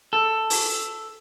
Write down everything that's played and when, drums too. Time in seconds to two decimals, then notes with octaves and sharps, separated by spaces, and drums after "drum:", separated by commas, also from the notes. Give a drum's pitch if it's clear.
0.13 A4
0.50 drum: open hi-hat